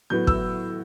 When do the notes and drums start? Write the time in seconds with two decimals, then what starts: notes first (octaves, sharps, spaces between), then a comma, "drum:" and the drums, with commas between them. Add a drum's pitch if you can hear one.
0.10 A2 F#3 B3 G6
0.27 E6, drum: kick